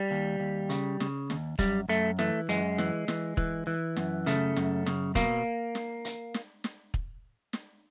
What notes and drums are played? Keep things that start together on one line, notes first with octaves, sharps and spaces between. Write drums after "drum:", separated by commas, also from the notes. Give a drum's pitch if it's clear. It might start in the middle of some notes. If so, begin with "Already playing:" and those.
Already playing: G3
D#2
D#2
C#3, drum: hi-hat
C#3, drum: snare
D#2, drum: snare
F#2 G3, drum: kick, hi-hat
F#2 A3
E3 A3, drum: snare
F#2 G#3, drum: hi-hat
E3, drum: snare
E3, drum: snare
E3, drum: kick
E3
F#2, drum: snare
C#3 A3, drum: hi-hat
F#2, drum: snare
C#3, drum: snare
B2 A#3, drum: kick, hi-hat
drum: snare
drum: hi-hat
drum: snare
drum: snare
drum: kick
drum: snare